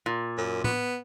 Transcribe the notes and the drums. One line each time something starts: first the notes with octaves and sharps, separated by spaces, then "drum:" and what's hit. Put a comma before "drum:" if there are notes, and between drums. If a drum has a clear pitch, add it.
A#2
F#2
B3, drum: tom A2